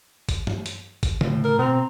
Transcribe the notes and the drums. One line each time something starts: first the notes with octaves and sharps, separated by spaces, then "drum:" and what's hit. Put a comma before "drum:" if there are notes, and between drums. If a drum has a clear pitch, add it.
drum: kick G#1, hi-hat
drum: tom G2
drum: hi-hat
drum: kick G#1, hi-hat
A2 C#3, drum: tom D3
A#4
B2 C4 A#5